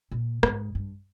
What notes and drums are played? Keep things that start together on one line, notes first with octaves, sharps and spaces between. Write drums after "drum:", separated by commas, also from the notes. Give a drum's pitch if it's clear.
A#2
G#2, drum: rim click
G2